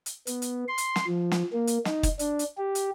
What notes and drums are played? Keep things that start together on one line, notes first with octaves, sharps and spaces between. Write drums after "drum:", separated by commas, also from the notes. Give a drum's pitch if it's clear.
drum: hi-hat
B3, drum: hi-hat
drum: hi-hat
C6
drum: hi-hat
drum: snare
F3
drum: snare
A#3
drum: hi-hat
D#4, drum: snare
drum: kick, hi-hat
D4, drum: hi-hat
drum: hi-hat
G4
drum: hi-hat